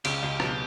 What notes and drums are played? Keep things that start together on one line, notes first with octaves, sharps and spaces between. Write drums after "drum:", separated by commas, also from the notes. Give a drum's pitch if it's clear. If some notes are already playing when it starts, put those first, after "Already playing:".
C#2 C#3 G4, drum: cymbal
C#2 C#3
B1 B2, drum: rim click